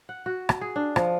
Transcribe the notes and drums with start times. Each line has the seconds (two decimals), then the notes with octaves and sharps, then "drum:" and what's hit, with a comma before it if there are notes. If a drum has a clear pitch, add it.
0.09 F#5
0.26 F#4
0.49 drum: rim click
0.61 G#4
0.76 D4
0.96 F3, drum: rim click